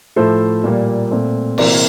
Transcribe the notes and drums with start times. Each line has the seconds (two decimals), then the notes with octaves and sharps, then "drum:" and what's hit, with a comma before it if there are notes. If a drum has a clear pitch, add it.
0.16 A2 F3 A3 A4 C5
0.64 A#2 G3 A#3
1.11 A#2 A3 C4
1.58 C3 E3 A#3 A#4 D5, drum: cymbal